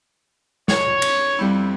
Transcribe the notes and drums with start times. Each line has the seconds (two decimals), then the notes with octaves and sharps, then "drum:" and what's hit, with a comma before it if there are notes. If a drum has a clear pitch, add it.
0.68 C#5, drum: snare
1.02 drum: cymbal
1.38 F2 G3 E4